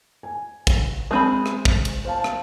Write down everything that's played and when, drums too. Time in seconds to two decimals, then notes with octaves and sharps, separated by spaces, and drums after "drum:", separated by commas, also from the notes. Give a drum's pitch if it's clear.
0.23 G#5
0.67 drum: kick, cymbal
1.11 G#3 C4 B5 D#6 G6 D#7
1.46 drum: rim click
1.65 drum: kick
1.85 drum: cymbal
2.05 C5 F5 A5
2.24 drum: rim click